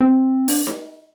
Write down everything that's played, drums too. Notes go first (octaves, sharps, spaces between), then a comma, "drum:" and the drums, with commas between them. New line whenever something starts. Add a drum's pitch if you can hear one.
C4
D4, drum: open hi-hat
drum: snare D#4